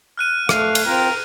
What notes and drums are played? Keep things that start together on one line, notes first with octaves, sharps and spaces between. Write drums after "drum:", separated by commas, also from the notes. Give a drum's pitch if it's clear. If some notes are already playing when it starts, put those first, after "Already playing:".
F6 F#6 D#7
A3 F5, drum: rim click
drum: cymbal
C4 F4 A#4 G5